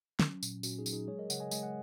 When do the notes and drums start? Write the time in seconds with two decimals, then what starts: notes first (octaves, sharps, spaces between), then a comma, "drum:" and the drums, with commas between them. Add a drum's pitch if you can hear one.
0.19 F#3 C#4, drum: snare
0.43 A#2, drum: tambourine
0.63 A#2 C#4 F#4, drum: tambourine
0.79 D#4 G#4
0.86 F#3, drum: tambourine
0.93 D#4 G#4
1.07 G#3 G#4 C#5
1.19 A#4 D#5
1.30 C#3 C#5 F#5, drum: tambourine
1.40 D#5 G#5
1.51 G#3 D#5 G#5, drum: tambourine
1.63 F#5